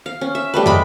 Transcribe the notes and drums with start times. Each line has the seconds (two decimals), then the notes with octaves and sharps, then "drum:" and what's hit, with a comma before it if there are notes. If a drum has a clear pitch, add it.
0.06 F5
0.21 C#4
0.35 E5
0.54 G3 A3 B4
0.66 G#3 G5 B5, drum: tom